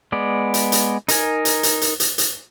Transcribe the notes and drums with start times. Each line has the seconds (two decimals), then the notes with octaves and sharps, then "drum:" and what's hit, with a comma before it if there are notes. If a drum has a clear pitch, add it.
0.12 G#3 B3 D5
0.54 drum: hi-hat
0.72 drum: hi-hat
1.08 D#4 A#4 G#5, drum: hi-hat
1.45 drum: hi-hat
1.63 drum: hi-hat
1.81 drum: hi-hat
2.00 drum: hi-hat
2.18 drum: hi-hat